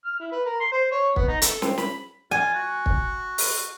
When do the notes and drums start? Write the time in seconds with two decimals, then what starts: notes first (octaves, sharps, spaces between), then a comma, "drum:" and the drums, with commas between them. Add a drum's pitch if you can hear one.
0.05 F6
0.20 E4
0.32 B4
0.46 A#4
0.61 C6
0.72 C5
0.92 C#5
1.16 B3, drum: kick
1.28 D#4
1.42 A4, drum: hi-hat
1.62 C4, drum: snare
1.78 B5, drum: snare
2.31 F4 G#5
2.54 F#4
2.86 drum: kick
3.38 drum: open hi-hat